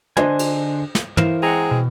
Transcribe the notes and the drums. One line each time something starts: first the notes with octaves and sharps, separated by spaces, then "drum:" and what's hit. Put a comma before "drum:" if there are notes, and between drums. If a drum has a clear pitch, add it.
D3 D4 C5 D#5 G#5, drum: tom
drum: cymbal
drum: snare
E3 A#4 C5 F5, drum: tom
G#3 C4 G#4 F#5 A#5
B2